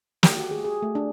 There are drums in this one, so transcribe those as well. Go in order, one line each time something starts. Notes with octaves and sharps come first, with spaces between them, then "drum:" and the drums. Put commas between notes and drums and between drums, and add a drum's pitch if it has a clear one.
G4, drum: snare
F#4
G#4
G#4
A3
D4